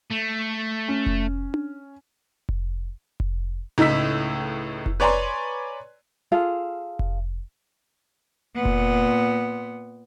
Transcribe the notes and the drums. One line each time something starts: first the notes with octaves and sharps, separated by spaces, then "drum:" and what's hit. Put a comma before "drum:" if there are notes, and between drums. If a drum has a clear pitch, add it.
A3
C#4
drum: kick F1
drum: tom D4
drum: kick F1
drum: kick F1
C#2 A2 D#4 E6 B6
drum: kick F1
B4 C#5 D5 G#5 A#5 C6
F4 G#4 A4 F5
drum: kick F1
A#2 B3
drum: kick F1